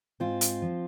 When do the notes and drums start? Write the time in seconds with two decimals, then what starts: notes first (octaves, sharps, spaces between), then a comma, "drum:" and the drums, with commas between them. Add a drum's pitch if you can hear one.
0.20 G#2 C4 F4
0.41 drum: hi-hat
0.62 F3